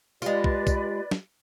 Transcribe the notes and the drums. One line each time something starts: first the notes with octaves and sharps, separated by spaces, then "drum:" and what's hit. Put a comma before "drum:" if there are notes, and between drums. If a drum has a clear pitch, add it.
G#3 F4 G4 B4 D5, drum: tambourine
drum: kick
drum: kick, tambourine
drum: snare